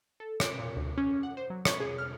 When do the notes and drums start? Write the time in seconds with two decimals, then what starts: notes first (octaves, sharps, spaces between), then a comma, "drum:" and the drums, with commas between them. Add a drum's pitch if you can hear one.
0.20 A4
0.40 D7, drum: rim click
0.59 A#2
0.76 D2
0.98 C#4
1.23 F#5
1.37 C5
1.50 F#3
1.65 C#6, drum: rim click
1.80 G#4
1.98 F6